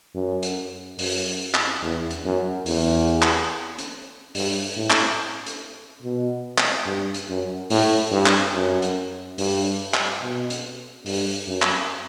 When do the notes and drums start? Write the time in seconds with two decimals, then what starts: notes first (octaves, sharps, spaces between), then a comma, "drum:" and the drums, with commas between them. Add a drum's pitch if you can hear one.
0.15 F#2
0.42 drum: hi-hat
0.98 F#2, drum: open hi-hat
1.54 drum: clap
1.82 E2
2.10 drum: hi-hat
2.25 F#2
2.66 E2, drum: open hi-hat
3.22 drum: clap
3.78 drum: hi-hat
4.35 G2, drum: open hi-hat
4.77 A2
4.90 drum: clap
5.46 drum: hi-hat
6.02 B2
6.58 drum: clap
6.86 G2
7.14 drum: hi-hat
7.29 F#2
7.70 A2, drum: open hi-hat
8.12 G2
8.26 drum: clap
8.54 F#2
8.82 drum: hi-hat
9.38 G2, drum: open hi-hat
9.94 drum: clap
10.22 B2
10.50 drum: hi-hat
11.06 G2, drum: open hi-hat
11.48 F#2
11.62 drum: clap